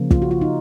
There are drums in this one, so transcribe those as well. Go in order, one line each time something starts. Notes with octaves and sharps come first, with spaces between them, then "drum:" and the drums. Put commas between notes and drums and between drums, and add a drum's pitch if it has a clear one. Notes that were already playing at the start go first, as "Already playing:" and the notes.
Already playing: C#3 F3 A#3
F4, drum: kick
F#4
F4
D#4